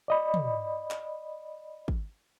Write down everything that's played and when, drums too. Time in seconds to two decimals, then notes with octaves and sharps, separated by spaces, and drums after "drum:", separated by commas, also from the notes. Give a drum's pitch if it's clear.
0.08 D5 D#5 B5
0.34 drum: tom
0.91 drum: clap
1.88 drum: kick